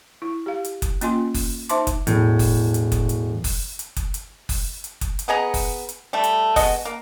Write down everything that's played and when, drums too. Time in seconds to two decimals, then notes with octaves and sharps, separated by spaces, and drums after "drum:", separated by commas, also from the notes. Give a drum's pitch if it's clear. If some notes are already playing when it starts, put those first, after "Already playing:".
0.22 E4
0.46 G4 F5
0.65 drum: hi-hat
0.82 drum: kick F#1, hi-hat
1.01 A#3 C#4 F4 D#5 G#5 C6, drum: hi-hat
1.34 drum: kick F#1, open hi-hat
1.69 D#4 C5 E5 A5 C6 D6, drum: hi-hat
1.87 drum: kick F#1, hi-hat
2.07 E1 A2, drum: hi-hat
2.39 drum: kick F#1, open hi-hat
2.74 drum: hi-hat
2.92 drum: kick F#1, hi-hat
3.09 drum: hi-hat
3.44 drum: kick F#1, open hi-hat
3.79 drum: hi-hat
3.96 drum: kick F#1, hi-hat
4.14 drum: hi-hat
4.49 drum: kick F#1, open hi-hat
4.84 drum: hi-hat
5.01 drum: kick F#1, hi-hat
5.19 drum: hi-hat
5.28 B3 G#4 D#5 A#5
5.54 drum: kick F#1, open hi-hat
5.89 drum: hi-hat
6.13 G3 A3
6.24 drum: hi-hat
6.56 G#3 B3 F#4 D#5, drum: kick F#1, open hi-hat
6.85 A#3